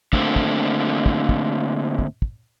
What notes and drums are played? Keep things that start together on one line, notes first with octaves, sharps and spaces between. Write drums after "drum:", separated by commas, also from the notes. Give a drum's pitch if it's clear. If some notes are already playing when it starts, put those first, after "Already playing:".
D3 A3 A#3 C4, drum: kick
drum: kick
drum: kick
drum: kick
drum: kick
drum: kick